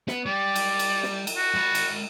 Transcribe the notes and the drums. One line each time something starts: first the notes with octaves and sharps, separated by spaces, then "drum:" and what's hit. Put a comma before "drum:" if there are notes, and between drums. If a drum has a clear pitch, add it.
B3, drum: snare
G3 G4 D5
drum: cymbal
drum: cymbal
drum: snare
drum: cymbal
F#4
G#3 B5
drum: cymbal